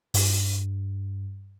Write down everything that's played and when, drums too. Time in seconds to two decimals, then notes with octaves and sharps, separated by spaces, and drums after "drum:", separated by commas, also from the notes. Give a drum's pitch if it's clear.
0.14 G2, drum: open hi-hat